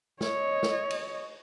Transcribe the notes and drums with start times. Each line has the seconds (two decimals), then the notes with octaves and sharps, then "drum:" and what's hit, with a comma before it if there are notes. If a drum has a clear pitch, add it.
0.21 C#5 D#5, drum: snare
0.63 drum: snare
0.90 drum: cymbal